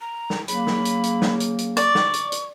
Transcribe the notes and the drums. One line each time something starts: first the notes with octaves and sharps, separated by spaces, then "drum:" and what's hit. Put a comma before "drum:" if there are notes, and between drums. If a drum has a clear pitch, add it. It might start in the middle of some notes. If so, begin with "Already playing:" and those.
A#5
drum: snare
C#3 F#3 A#3 B5, drum: hi-hat
drum: snare
drum: hi-hat
drum: hi-hat
drum: snare
drum: hi-hat
drum: hi-hat
D5 C#6, drum: hi-hat
drum: snare
drum: hi-hat
drum: hi-hat